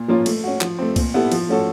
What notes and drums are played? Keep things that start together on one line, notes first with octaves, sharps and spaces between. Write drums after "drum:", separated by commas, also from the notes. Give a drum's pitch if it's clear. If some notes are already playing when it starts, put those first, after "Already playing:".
Already playing: A#2
F3 A#3 C#4 F4
A3, drum: cymbal
C#4 F#4
F3, drum: clap
A3 C4
A#2, drum: kick C2, cymbal
G3 B3 E4 A4
F3, drum: cymbal
A3 C#4 F#4 A4